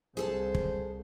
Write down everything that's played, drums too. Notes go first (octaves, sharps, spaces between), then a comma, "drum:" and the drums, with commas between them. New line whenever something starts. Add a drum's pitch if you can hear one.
C2 G#4 A4 C5 A5
drum: kick